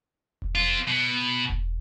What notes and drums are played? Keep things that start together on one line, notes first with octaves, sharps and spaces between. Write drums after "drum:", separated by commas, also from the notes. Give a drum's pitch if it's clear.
drum: kick E1
C4 F4
B2
drum: kick E1